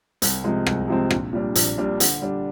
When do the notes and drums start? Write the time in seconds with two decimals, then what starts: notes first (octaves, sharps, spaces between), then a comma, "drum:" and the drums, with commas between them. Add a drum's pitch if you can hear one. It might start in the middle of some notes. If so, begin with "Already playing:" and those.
0.22 C2, drum: hi-hat
0.44 C3 F3 G#3 C4
0.66 C2, drum: rim click
0.88 C3 F3 G#3 C4
1.11 A#1, drum: rim click
1.33 A#2 G3 D4
1.55 A#1, drum: hi-hat
1.78 A#2 G3 D4
2.00 D3, drum: hi-hat
2.22 G3 D4